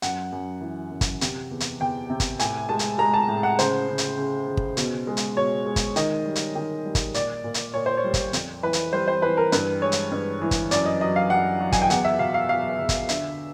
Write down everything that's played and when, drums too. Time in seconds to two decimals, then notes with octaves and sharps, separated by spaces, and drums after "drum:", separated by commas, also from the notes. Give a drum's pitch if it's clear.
0.02 F#2 F#5, drum: hi-hat
0.32 F#2
0.61 E3
0.91 F#2
1.01 drum: kick, hi-hat
1.21 C3, drum: hi-hat
1.51 E2
1.60 drum: hi-hat
1.80 E2 G5
2.10 C3
2.20 drum: kick, hi-hat
2.39 A2 G#5, drum: hi-hat
2.69 G#3 A5
2.79 drum: hi-hat
2.98 G#3 A#5
3.14 A5
3.28 A2
3.43 F#5
3.59 C#3 C5, drum: hi-hat
3.88 C#3
3.98 drum: hi-hat
4.17 C#3
4.47 C#3
4.57 drum: kick
4.77 B2, drum: hi-hat
5.07 G#3
5.17 drum: hi-hat
5.37 B2 C#5
5.66 G#3
5.76 drum: kick, hi-hat
5.96 D#3 D#5, drum: hi-hat
6.26 G3
6.35 drum: hi-hat
6.55 D#3
6.85 G3
6.95 drum: kick, hi-hat
7.14 A#2 D5, drum: hi-hat
7.44 A#2
7.54 drum: hi-hat
7.74 A#2 C#5
7.86 C5
7.97 C#5
8.04 G3
8.14 drum: kick, hi-hat
8.33 F2, drum: hi-hat
8.63 E3 B4
8.73 drum: hi-hat
8.93 G3 C5
9.08 C5
9.22 E3 B4
9.37 A#4
9.52 G2 B4, drum: hi-hat
9.81 G#3 C#5
9.92 drum: hi-hat
10.12 G2
10.42 E3
10.51 drum: kick, hi-hat
10.71 F#2 D5, drum: hi-hat
10.85 D#5
11.01 F#3 D#5
11.16 F5
11.30 F#2 F#5
11.60 F#3
11.72 G#5, drum: kick, hi-hat
11.82 G5
11.90 E2 F#5, drum: hi-hat
12.05 E5
12.19 B2 F5
12.34 F5
12.49 F#3 F5
12.79 E2
12.89 drum: kick, hi-hat
13.09 D3 E5, drum: hi-hat